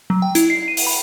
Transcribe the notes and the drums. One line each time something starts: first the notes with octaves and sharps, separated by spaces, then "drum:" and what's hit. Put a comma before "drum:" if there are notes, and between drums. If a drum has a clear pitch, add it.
F#3
G5
E4, drum: hi-hat
C7
D#7
drum: open hi-hat
B5